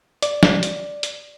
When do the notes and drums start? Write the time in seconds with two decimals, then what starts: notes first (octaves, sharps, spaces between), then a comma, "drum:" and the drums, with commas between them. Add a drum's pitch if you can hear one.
0.23 D5, drum: hi-hat
0.43 drum: snare
0.63 drum: hi-hat
1.03 drum: hi-hat